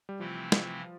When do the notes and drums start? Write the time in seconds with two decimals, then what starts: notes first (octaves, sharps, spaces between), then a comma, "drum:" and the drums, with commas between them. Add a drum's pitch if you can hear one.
0.09 G3
0.19 C3 E3 F3 A3 C4 E4
0.52 F3, drum: snare